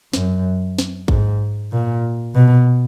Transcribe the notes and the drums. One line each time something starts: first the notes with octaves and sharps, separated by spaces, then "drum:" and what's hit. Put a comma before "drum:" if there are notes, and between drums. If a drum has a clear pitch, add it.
F#2, drum: snare
drum: snare
G#2, drum: kick A1
A#2
B2